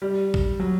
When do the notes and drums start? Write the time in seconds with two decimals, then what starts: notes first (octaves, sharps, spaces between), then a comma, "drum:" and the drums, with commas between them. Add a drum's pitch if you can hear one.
0.02 G3
0.34 drum: kick A#1
0.60 F#3